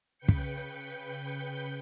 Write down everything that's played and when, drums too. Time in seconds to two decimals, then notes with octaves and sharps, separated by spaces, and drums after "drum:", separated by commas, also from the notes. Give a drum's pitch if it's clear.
0.18 C#3 B4 G5 G6 C#7
0.28 drum: kick